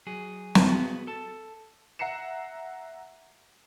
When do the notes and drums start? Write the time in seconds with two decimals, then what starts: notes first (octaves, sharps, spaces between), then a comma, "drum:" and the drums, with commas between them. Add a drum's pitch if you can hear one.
0.07 F#3 G#4
0.55 F2 C4 B4 A5, drum: snare
0.67 B3 F#4 G#4
1.07 A4 A5
1.99 E5 F#5 A#5 C7 C#7 E7